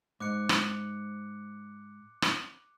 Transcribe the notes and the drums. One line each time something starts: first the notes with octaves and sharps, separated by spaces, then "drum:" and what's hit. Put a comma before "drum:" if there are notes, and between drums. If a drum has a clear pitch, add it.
G#2 D6 F#6 C#7
drum: rim click
drum: rim click